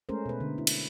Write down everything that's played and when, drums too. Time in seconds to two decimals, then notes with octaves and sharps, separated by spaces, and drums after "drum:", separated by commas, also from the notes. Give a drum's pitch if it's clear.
0.09 G#3 A3 C#4 G#4 A#4 C5
0.26 B2 B4
0.41 D3
0.58 E4
0.67 drum: cymbal